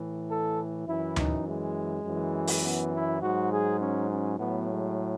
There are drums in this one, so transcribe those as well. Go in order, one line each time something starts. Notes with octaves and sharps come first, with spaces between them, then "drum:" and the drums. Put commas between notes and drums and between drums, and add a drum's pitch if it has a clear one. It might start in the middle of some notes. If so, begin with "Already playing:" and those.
Already playing: A2 E3
A4
F#2 E3 E4
D#4, drum: tom D2
G#3
F#2 E3
drum: open hi-hat
B3
E4
G#2 F#3 F#4
G#4
C#4
C#4
A2 F#3 B3
G#3